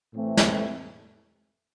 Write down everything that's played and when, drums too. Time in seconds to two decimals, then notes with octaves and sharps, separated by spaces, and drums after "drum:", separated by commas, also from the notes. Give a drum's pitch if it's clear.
0.13 A2 E3 A3 C4
0.37 drum: snare